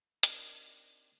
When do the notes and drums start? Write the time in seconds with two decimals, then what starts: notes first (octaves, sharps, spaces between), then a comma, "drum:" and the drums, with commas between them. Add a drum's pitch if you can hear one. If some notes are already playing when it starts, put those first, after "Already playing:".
0.23 C4 D4 D#4 G4 A#4, drum: hi-hat